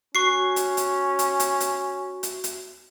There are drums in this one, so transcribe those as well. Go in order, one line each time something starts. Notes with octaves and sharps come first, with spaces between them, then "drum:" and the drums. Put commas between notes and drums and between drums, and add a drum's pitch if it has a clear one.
C#4 F#4 C#6 C7
drum: hi-hat
drum: hi-hat
drum: hi-hat
drum: hi-hat
drum: hi-hat
drum: hi-hat
drum: hi-hat